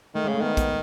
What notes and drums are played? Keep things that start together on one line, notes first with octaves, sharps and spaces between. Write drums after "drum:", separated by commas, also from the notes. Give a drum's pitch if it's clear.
D#3 A3
C#3 G#3
A3
D#3 B3
B3, drum: kick, hi-hat